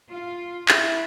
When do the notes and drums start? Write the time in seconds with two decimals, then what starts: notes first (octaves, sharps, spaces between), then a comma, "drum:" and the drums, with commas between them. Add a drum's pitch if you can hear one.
0.10 F4
0.68 E4, drum: clap